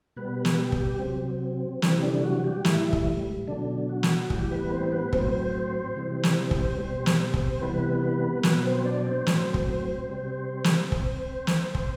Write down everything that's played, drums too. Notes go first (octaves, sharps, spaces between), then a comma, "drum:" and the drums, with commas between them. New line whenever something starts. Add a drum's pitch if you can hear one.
B2 G3 B3 B4
drum: snare
G3 G4
drum: kick
C3 F#3 C4
C3 E3 G3 C4, drum: snare
D3 D4
F#3 F#4
G3 G4
A2 E3 G3 E4, drum: snare
drum: kick
B2 D3 F#3 D4
F#3 F#4
drum: snare
A2 E3 G3 G4, drum: kick
B3 B4
C4 C5
B3 B4
A2 F#3 C4 C5, drum: kick
C3 E3 G3
drum: snare
drum: kick
B2 G3 C4 C5
drum: snare
drum: kick
C3 E3 G3 B3 B4
B3 B4
B2 F#3 B3 B4, drum: snare
C4 C5
D4 D5
C4 C5
A2 F#3 C4 C5, drum: snare
drum: kick
C3 G3 C4 C5
drum: snare
drum: kick
drum: snare
drum: kick